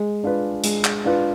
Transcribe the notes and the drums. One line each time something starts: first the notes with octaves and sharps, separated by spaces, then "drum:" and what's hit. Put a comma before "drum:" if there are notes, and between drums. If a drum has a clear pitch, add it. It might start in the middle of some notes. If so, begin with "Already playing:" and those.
Already playing: G#3
D4 F4 B4
G#3, drum: hi-hat
drum: clap
D4 F4 B4